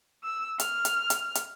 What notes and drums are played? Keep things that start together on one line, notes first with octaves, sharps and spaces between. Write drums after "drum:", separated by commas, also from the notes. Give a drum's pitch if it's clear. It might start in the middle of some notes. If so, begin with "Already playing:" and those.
E6
F6, drum: hi-hat
drum: hi-hat
drum: hi-hat
drum: hi-hat